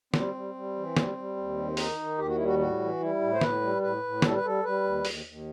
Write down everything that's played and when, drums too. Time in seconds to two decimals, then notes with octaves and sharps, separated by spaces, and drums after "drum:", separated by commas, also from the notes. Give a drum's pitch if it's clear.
0.14 G3 C4, drum: snare
0.35 G3
0.54 G3
0.76 E3
0.97 G3, drum: snare
1.17 G3
1.37 D#2
1.57 D#3
1.77 D#3 D#4, drum: open hi-hat
1.99 D#3
2.18 D#2 G4
2.27 F#4
2.35 E4
2.39 G3
2.45 F#4
2.59 A2 F#4
2.79 E3
3.00 G3 E4
3.21 A2
3.33 C5
3.41 A2 B4, drum: snare
3.61 G3
3.82 A2 B4
4.03 A2
4.22 G3 A4, drum: snare
4.35 B4
4.43 G3 A4
4.64 G3 B4
4.84 D#2
5.05 D#2, drum: open hi-hat
5.25 D#2